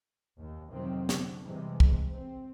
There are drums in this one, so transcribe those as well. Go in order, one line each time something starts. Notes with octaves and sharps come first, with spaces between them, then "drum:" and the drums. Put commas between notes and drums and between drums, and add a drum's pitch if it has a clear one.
D#2
F2 C3 D#3 F#3 C4
D3, drum: snare
C3 E3 G3 G#3
drum: kick
C4